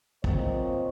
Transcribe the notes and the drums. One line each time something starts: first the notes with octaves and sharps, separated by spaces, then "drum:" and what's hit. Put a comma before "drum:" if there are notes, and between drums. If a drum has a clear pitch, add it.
A#2 A#3 C4 C5 C#5 D#5, drum: kick